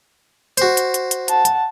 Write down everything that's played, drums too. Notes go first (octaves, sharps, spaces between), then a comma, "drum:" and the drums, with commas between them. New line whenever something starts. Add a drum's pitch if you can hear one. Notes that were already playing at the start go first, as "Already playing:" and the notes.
F#4 C5, drum: hi-hat
drum: hi-hat
drum: hi-hat
drum: hi-hat
F#5 A5, drum: hi-hat
drum: hi-hat